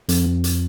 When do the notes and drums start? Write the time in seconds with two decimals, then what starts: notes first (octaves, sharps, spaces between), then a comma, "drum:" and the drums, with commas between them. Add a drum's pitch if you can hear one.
0.09 F2, drum: hi-hat
0.26 F2
0.44 drum: hi-hat